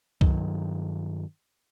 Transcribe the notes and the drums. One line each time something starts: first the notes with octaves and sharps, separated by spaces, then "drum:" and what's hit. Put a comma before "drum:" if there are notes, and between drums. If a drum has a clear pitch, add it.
G2 D#3 F#3, drum: kick C2